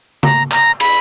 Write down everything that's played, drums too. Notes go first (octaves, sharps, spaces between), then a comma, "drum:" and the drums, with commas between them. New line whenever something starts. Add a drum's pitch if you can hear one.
A#5, drum: tom C#3
A#5, drum: clap
B5, drum: cymbal